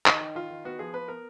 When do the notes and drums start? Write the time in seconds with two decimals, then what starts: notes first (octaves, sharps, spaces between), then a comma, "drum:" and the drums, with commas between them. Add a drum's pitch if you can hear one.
0.06 D#3 D#4, drum: clap
0.21 D#3
0.35 D#3 F4
0.50 D#3
0.65 B3 F#4
0.79 F3 G#4
0.93 B3 B4
1.08 B3 A#4